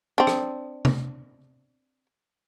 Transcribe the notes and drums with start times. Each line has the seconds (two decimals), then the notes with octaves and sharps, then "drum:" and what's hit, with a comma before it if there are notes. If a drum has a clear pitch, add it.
0.18 C4 D4
0.27 drum: rim click
0.85 drum: tom C3